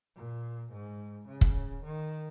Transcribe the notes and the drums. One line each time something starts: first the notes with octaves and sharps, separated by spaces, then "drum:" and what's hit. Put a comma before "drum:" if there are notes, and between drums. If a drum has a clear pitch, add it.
A#2
G#2
C#3
drum: kick
D#3